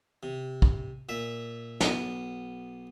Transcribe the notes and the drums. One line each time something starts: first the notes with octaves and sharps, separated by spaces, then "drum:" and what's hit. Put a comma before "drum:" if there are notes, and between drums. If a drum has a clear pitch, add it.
C3
drum: kick
A#2 E5
B1 B3, drum: snare